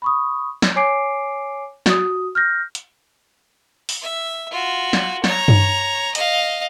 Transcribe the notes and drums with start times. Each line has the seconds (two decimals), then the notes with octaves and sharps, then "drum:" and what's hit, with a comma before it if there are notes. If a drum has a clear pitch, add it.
0.02 B5 C#6 D#6
0.62 drum: snare
0.76 C#5 G#5 D6 C7 D7
1.86 F#4 D#6, drum: snare
2.35 F6 G6 A#6
2.75 drum: hi-hat
3.89 drum: open hi-hat
4.02 E5
4.51 F4 F#4
4.93 drum: snare
5.24 C#5 A#5, drum: snare
5.48 drum: tom G2
6.15 D#5 F5, drum: hi-hat